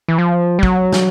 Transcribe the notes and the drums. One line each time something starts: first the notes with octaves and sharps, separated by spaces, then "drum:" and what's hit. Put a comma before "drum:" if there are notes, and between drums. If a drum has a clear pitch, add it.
E3
F3
G3
F#3, drum: kick
drum: snare